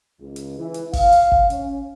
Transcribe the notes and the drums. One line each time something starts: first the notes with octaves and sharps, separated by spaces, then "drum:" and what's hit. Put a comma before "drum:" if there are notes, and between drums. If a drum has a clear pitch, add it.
C#2
drum: hi-hat
E3
drum: hi-hat
F5, drum: kick G#1, open hi-hat
drum: hi-hat
drum: kick G#1
C#4, drum: hi-hat